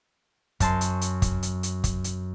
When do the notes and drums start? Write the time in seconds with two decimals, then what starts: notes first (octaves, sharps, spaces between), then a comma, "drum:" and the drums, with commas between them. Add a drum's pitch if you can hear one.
0.60 F#2 A5 C6, drum: kick, hi-hat
0.81 drum: hi-hat
1.01 drum: hi-hat
1.22 drum: kick, hi-hat
1.43 drum: hi-hat
1.63 drum: hi-hat
1.84 drum: kick, hi-hat
2.04 drum: hi-hat